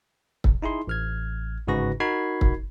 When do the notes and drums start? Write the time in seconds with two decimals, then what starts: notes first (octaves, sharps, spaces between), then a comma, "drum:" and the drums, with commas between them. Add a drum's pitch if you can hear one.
0.44 drum: kick
0.62 D#4 E4 G#4 C6
0.87 A1 F6 G#6
1.67 G1 G#2 C#3 F#4 B4 A#6
2.00 D#4 F#4 A#4 B5 G#6 C7
2.41 drum: kick